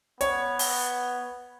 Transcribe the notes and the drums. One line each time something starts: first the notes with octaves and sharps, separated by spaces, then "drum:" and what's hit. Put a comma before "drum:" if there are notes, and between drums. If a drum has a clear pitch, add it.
B3 C#5, drum: hi-hat
drum: open hi-hat